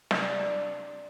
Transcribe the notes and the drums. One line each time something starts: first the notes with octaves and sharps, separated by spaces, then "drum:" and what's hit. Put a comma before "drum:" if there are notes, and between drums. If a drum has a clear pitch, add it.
C3 D4, drum: snare